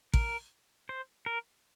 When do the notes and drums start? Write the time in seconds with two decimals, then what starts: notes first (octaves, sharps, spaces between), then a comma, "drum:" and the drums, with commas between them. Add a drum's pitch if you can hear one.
0.14 A#4, drum: kick A1
0.89 C5
1.26 A#4